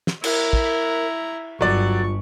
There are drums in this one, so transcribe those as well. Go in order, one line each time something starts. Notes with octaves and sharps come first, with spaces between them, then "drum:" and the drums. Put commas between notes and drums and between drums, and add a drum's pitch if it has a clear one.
drum: snare
E4 A#4 A#5, drum: cymbal
drum: kick
G1 F#3 F4 D5 C#6